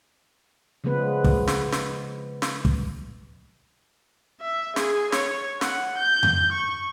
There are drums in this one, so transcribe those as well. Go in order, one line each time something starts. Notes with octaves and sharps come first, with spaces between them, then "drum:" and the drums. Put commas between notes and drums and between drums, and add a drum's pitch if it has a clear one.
C#3 F3 G#3 B3 B4
drum: kick
drum: snare
drum: snare
drum: snare
drum: kick
E5
G#4, drum: snare
C#5, drum: snare
F#5, drum: snare
G6
drum: tom F2
C#6